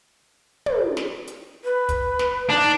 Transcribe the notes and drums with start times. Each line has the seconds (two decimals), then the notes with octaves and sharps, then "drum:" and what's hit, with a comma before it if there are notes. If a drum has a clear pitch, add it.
0.66 drum: tom
0.97 drum: snare
1.27 drum: hi-hat
1.64 B4
1.89 drum: kick, hi-hat
2.19 drum: snare
2.50 D4 D#4